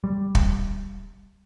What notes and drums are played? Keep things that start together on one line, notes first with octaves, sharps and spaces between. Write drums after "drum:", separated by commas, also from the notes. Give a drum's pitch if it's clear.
G3
drum: kick